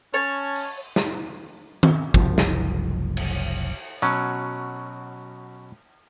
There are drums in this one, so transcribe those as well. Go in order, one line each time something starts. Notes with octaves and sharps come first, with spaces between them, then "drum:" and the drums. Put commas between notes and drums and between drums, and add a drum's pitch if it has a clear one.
C#4 C#5 A5
drum: open hi-hat
drum: snare
drum: tom D#3
F#1 C2 F3, drum: kick
drum: snare
drum: cymbal
B2 F#3 C#4, drum: hi-hat